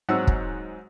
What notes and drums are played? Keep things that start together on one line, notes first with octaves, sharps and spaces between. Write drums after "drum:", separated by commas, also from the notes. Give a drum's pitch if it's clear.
G#2 F#3 C4 F#5 E6 F#6
drum: kick